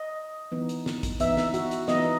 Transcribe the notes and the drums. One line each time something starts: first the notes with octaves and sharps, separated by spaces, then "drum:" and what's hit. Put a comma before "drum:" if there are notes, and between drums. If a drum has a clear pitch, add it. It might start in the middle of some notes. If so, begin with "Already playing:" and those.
Already playing: D#5
E3 B3 D#4
drum: hi-hat
drum: snare
drum: kick, hi-hat
E3 B3 D#4 E5, drum: hi-hat
drum: snare
F#4, drum: hi-hat
drum: hi-hat
E3 B3 D#4 D#5, drum: snare